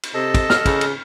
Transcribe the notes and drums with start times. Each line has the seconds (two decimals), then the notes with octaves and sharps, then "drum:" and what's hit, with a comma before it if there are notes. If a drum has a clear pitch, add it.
0.03 drum: cymbal
0.14 C3 A4 D#5 A5
0.34 drum: kick, cymbal
0.50 F6, drum: snare
0.66 C#3, drum: kick, cymbal
0.81 drum: cymbal